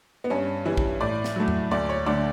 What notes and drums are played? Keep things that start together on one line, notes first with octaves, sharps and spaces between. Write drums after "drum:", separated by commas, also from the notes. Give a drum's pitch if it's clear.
B3
G2 C#4
E3 G3 E4
drum: kick A#1
A2 D5
drum: snare
F#3 A3
drum: tom E2
D2 D5
C#5
D3 A3 D5